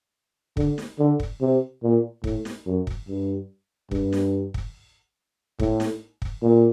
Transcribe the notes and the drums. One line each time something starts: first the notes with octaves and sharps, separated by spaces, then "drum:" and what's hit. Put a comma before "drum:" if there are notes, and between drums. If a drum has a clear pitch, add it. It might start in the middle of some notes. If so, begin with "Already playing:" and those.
D3, drum: kick
drum: snare
D3
drum: kick
C3
A#2
A2, drum: kick
drum: snare
F#2
drum: kick
G2
G2, drum: kick
drum: snare
drum: kick
A2, drum: kick
drum: snare
drum: kick
A#2